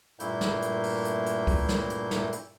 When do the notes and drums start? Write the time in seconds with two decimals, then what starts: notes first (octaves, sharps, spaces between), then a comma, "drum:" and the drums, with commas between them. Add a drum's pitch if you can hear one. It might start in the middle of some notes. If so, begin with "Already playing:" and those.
0.20 G2 A#2 A3 A#3 E4 G6, drum: hi-hat
0.41 drum: snare
0.62 drum: hi-hat
0.83 drum: open hi-hat
1.05 drum: hi-hat
1.26 drum: hi-hat
1.47 drum: kick C#2, open hi-hat
1.69 drum: snare
1.90 drum: hi-hat
2.11 drum: snare
2.32 drum: hi-hat